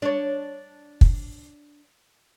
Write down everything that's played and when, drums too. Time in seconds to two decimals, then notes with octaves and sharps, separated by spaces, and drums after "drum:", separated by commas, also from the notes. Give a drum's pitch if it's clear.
0.02 D4 C#5
1.01 drum: kick